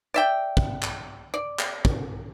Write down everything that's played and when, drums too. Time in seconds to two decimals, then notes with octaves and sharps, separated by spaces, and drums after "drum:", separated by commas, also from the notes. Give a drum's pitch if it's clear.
0.14 D5 E5 G5
0.57 drum: kick
0.82 drum: clap
1.34 D5
1.59 drum: clap
1.85 drum: kick